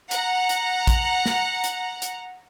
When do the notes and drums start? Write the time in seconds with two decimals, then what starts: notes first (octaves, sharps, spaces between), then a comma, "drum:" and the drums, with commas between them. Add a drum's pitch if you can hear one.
0.11 F#5 A#5, drum: hi-hat
0.49 drum: hi-hat
0.87 drum: kick, hi-hat
1.26 drum: snare
1.64 drum: hi-hat
2.02 drum: hi-hat